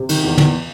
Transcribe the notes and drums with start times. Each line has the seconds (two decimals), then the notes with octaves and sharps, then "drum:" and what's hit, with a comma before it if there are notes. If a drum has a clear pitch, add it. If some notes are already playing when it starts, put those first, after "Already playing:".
Already playing: C3
0.09 D#3, drum: cymbal
0.23 E2
0.38 E2, drum: tom